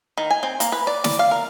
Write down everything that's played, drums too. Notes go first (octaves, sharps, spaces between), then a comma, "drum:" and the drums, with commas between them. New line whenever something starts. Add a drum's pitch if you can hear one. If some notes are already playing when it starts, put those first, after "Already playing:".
D#3
G#5
C4
A#3, drum: hi-hat
B4
D5
D5, drum: snare
F5
A#4